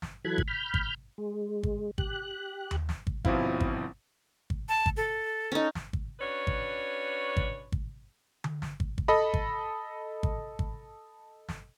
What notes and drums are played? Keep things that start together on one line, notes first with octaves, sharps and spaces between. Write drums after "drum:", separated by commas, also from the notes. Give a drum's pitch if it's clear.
drum: snare
E3 F#3 A4 B5 F#6 G#6
drum: kick
B5 F6 G6
drum: kick
G#3
drum: kick
G4 F#6, drum: kick
drum: tom D#2
drum: snare
drum: kick
G1 B2 F3 C4 E4 F5, drum: kick
drum: kick
drum: kick
A5
drum: kick
A4
C#4 D#4
drum: snare
drum: kick
C#4 D4 F#4 B4 C#5
drum: kick
drum: kick
drum: kick
drum: tom D3
drum: snare
drum: kick
drum: kick
A4 D#5 B5
drum: kick
drum: kick
drum: kick
drum: snare